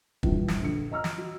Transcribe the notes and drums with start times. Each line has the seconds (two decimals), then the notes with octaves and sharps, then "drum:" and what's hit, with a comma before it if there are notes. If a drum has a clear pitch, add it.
0.23 A#1 G2 E3, drum: kick
0.48 drum: snare
0.61 A#1 D3 C#7
0.91 D#5 A#5 E6 F6
1.04 drum: snare
1.18 F#4